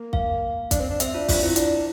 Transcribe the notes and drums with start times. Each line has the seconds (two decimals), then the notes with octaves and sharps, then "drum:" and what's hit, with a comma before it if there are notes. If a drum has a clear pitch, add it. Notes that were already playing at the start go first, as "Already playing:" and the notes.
Already playing: A#3
0.13 F5, drum: kick
0.71 D4, drum: kick, hi-hat
0.81 C4
0.90 D4
1.00 C4 E5, drum: hi-hat
1.14 D4 F4
1.28 D4 F4, drum: kick, open hi-hat
1.42 C4 E4
1.56 D4, drum: hi-hat